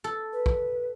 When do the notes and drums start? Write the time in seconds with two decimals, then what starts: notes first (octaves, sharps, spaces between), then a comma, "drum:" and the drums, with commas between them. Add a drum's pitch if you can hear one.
0.04 A4
0.33 B4
0.46 drum: kick